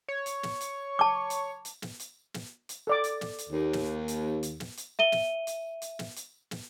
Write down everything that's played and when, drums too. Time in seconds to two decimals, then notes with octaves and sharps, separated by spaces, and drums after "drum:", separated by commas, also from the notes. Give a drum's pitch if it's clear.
0.08 C#5
0.26 drum: hi-hat
0.43 drum: snare
0.61 drum: hi-hat
0.99 A5 D6
1.30 drum: hi-hat
1.65 drum: hi-hat
1.82 drum: snare
2.00 drum: hi-hat
2.34 drum: snare
2.69 drum: hi-hat
2.87 A4 D5 D6
3.04 drum: hi-hat
3.21 drum: snare
3.38 drum: hi-hat
3.50 D#2
3.73 drum: snare
4.08 drum: hi-hat
4.43 drum: hi-hat
4.60 drum: snare
4.77 drum: hi-hat
4.99 E5 D#7 G7
5.12 drum: snare
5.47 drum: hi-hat
5.82 drum: hi-hat
5.99 drum: snare
6.16 drum: hi-hat
6.51 drum: snare